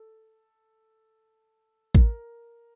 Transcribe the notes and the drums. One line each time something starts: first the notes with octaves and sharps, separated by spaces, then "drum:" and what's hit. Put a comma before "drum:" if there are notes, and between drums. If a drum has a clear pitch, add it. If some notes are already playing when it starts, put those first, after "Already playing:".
Already playing: A4
A#4, drum: kick A1